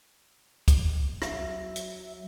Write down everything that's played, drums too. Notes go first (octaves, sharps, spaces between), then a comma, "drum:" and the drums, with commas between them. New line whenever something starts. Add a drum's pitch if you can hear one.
drum: kick, hi-hat
F#3 E5, drum: rim click
drum: hi-hat